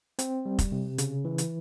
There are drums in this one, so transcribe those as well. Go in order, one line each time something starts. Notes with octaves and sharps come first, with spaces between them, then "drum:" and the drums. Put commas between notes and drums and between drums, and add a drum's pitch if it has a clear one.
C4, drum: hi-hat
G3
drum: kick F1, hi-hat
C3
C#3, drum: hi-hat
E3
drum: hi-hat